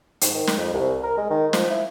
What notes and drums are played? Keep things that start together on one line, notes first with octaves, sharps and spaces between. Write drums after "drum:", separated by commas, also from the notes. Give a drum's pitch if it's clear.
G#2, drum: hi-hat
D#3
drum: snare
F2
C2
A#4
G#3
D#3
F3, drum: snare
E4